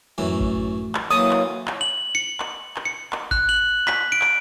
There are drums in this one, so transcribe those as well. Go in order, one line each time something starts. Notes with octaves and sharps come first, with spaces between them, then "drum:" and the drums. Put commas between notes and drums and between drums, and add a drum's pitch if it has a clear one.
F#2 A2 E3
drum: kick G#1
drum: clap
E3 F#3 A#3 A4 C#5 A5 D#6
drum: clap
drum: clap
F#7
C#7
drum: clap
drum: clap
C#7
drum: clap
F#6, drum: kick G#1
F#7
B6, drum: clap
D7
drum: clap